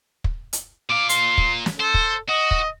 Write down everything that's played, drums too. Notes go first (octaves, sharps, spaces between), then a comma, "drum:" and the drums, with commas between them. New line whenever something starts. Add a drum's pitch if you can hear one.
drum: kick
drum: hi-hat
A#2 F5 D6
C6, drum: hi-hat
drum: kick
drum: snare
A4 C5
drum: kick
F#4 D#5
drum: kick